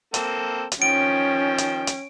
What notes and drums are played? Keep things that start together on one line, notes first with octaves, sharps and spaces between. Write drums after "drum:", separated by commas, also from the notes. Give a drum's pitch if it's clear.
A#3 C4 A4, drum: hi-hat
drum: hi-hat
D#3 F3 C#4 G5 D7
drum: hi-hat
drum: hi-hat